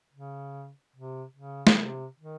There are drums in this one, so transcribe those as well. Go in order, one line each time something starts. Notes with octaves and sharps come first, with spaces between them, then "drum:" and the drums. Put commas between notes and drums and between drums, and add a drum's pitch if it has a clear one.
C#3
C3
C#3
drum: snare
C3
D#3